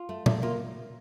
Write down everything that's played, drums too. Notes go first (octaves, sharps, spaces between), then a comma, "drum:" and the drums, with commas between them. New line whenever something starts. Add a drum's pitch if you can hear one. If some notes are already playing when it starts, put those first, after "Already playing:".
Already playing: F4
A3
A3, drum: tom
A#3 F4